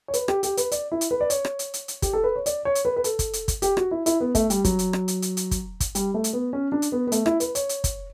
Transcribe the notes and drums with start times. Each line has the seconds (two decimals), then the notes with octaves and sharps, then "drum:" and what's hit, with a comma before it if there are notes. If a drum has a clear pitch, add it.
0.08 C#5
0.14 B4, drum: hi-hat
0.28 G4, drum: rim click
0.43 G4, drum: hi-hat
0.57 B4, drum: hi-hat
0.71 D5, drum: hi-hat
0.92 E4
1.01 drum: hi-hat
1.11 B4
1.21 D5
1.30 C#5, drum: hi-hat
1.45 drum: rim click
1.59 drum: hi-hat
1.74 drum: hi-hat
1.88 drum: hi-hat
2.02 G4, drum: kick, hi-hat
2.13 A4
2.24 B4
2.36 C#5
2.46 D5, drum: hi-hat
2.65 C#5
2.75 drum: hi-hat
2.85 B4
2.96 B4
3.04 A4, drum: hi-hat
3.19 drum: kick, hi-hat
3.33 drum: hi-hat
3.48 drum: kick, hi-hat
3.62 G4, drum: hi-hat
3.77 F#4, drum: rim click
3.91 E4
4.06 E4, drum: hi-hat
4.20 B3
4.35 A3, drum: kick, hi-hat
4.50 G3, drum: hi-hat
4.64 F#3, drum: kick, hi-hat
4.79 drum: hi-hat
4.93 drum: rim click
5.08 drum: hi-hat
5.22 drum: hi-hat
5.37 drum: hi-hat
5.51 drum: kick, hi-hat
5.80 drum: kick, hi-hat
5.95 G3, drum: hi-hat
6.14 A3
6.24 drum: hi-hat
6.33 B3
6.53 C#4
6.72 D4
6.82 drum: hi-hat
6.92 B3
7.07 B3
7.12 A3, drum: hi-hat
7.26 E4, drum: rim click
7.40 B4, drum: hi-hat
7.55 C#5, drum: hi-hat
7.69 drum: hi-hat
7.84 drum: kick, hi-hat